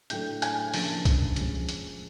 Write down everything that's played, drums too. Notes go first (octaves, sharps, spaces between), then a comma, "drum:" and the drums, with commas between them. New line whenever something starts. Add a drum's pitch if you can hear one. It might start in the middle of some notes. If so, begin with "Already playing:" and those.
A2 F#3 A3 D4 G5 G6, drum: hi-hat
G#5 G#6, drum: hi-hat
C#3 F3 A#3 D4 A5 A6, drum: open hi-hat
drum: kick, hi-hat
F3 G#3 C#4, drum: hi-hat
drum: hi-hat